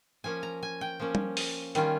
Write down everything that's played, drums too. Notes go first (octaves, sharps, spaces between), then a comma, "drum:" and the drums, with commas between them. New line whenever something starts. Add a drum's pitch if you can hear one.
F3 A#3 C#4 G#5
A#5
G#5
G5
F3 A#3 C#4
drum: tom G3
drum: open hi-hat
D#3 G3 C#4 F4, drum: hi-hat